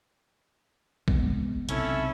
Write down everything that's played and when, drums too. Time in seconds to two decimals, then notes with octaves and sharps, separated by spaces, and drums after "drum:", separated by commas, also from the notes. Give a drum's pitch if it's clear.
1.08 C3 G#3 B3, drum: kick
1.69 B1 C3 C#4 E4 A4, drum: hi-hat